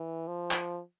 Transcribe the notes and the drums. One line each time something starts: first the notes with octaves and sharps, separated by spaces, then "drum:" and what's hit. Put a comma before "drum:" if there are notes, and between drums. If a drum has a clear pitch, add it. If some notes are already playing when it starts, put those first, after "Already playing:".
Already playing: E3
F3
drum: clap